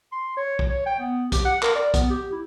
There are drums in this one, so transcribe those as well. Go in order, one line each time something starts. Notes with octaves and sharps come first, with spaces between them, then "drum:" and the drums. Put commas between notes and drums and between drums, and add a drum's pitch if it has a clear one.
C6
C#5
drum: kick
C#5
G5
B3
G4, drum: kick, hi-hat
F#5
A#4, drum: clap
D5
B3, drum: kick, hi-hat
G4
E4